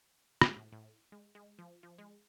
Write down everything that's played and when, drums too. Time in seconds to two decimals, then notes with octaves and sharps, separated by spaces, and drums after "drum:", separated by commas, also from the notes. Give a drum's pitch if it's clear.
0.42 G#3, drum: rim click
0.56 A2
0.72 A2
1.12 G#3
1.35 G#3
1.59 F3
1.83 F3
1.98 G#3